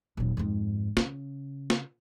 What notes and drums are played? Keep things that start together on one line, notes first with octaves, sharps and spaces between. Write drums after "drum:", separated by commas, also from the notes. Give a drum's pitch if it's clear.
D#1 F#3
F2 G#2
C#3, drum: snare
drum: snare